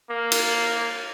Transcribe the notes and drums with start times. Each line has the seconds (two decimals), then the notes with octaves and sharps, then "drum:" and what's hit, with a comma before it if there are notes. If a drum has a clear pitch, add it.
0.11 A#3
0.32 drum: cymbal